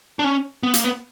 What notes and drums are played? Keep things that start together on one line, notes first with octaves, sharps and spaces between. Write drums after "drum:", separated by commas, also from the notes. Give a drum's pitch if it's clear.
D4
C#4
B3
A#3, drum: hi-hat
B3